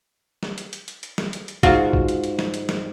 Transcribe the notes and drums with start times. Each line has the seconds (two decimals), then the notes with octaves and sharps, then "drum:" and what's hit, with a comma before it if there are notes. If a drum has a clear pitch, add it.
0.43 drum: snare
0.58 drum: hi-hat
0.73 drum: hi-hat
0.88 drum: hi-hat
1.03 drum: hi-hat
1.18 drum: snare
1.33 drum: hi-hat
1.48 drum: hi-hat
1.63 G#2 F4 F#4, drum: kick, hi-hat
1.93 drum: kick
2.08 drum: hi-hat
2.24 drum: hi-hat
2.39 drum: snare
2.54 drum: hi-hat
2.69 drum: snare